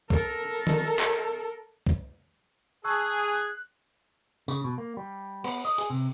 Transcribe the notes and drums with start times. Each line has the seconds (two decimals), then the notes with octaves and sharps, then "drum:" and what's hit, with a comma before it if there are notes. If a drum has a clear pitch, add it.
0.10 A4 A#4, drum: kick
0.67 drum: tom
0.99 drum: clap
1.87 drum: kick
2.85 G#4 A5 C#6 E6 F#6
4.48 C#3, drum: tambourine
4.64 B2
4.78 A#3
4.97 G3
5.44 B3, drum: cymbal
5.65 D#5
5.78 G#4, drum: hi-hat
5.90 C3